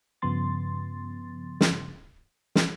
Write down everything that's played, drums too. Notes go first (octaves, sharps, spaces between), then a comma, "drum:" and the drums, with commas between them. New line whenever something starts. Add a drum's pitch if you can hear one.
G2 C#3 F3 B3 C6 A6
drum: snare
drum: snare